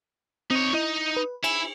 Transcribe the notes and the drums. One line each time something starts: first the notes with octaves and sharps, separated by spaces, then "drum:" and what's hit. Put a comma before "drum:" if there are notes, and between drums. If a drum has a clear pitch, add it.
C4 D#4 C#5
D#4 E4 D#5
B4
E4 G#5, drum: cymbal